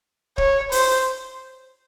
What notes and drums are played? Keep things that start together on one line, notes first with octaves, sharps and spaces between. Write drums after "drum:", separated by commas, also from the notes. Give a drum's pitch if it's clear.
C#5, drum: kick
C5, drum: open hi-hat